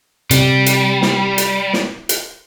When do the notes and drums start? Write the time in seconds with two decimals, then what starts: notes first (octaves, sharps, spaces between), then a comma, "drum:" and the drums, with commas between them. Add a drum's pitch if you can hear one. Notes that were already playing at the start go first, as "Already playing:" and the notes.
0.31 C3 G3, drum: hi-hat
0.66 drum: hi-hat
1.02 drum: snare
1.38 drum: hi-hat
1.73 drum: snare
2.09 drum: hi-hat